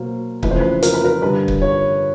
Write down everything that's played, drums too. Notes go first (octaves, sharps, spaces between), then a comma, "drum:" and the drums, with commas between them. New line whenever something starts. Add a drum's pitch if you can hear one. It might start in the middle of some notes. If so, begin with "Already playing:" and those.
Already playing: B2 F#3 A#3 C5
F2 C#3 E3 A3 B4, drum: kick
C5
B4
A#4, drum: hi-hat
B4
A#4
G2 D3 G3 B4
drum: kick
C#5